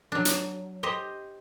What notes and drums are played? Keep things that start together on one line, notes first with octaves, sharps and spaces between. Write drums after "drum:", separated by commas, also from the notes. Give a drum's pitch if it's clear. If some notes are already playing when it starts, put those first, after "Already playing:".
F#3 D4
drum: hi-hat
G4 C5 D#5